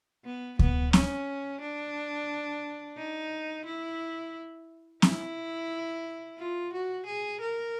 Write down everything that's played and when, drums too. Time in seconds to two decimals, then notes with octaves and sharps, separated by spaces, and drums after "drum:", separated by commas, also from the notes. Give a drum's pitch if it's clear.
0.25 B3
0.59 B3, drum: kick D2
0.93 C#4, drum: snare C4
1.61 D4
2.97 D#4
3.65 E4
5.02 E4, drum: snare C4
6.38 F4
6.73 F#4
7.06 G#4
7.41 A#4